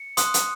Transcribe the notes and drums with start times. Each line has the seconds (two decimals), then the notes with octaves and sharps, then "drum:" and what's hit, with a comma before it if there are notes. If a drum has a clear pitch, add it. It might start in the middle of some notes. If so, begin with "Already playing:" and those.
Already playing: C#7
0.17 C6 D#6 F#6, drum: hi-hat
0.34 drum: hi-hat